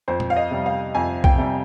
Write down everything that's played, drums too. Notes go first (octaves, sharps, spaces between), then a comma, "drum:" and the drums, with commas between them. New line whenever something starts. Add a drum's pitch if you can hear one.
F2 C5
drum: tom
F5
D#5
C3 G3
F5
F2 G#5
G5, drum: kick
C3 G3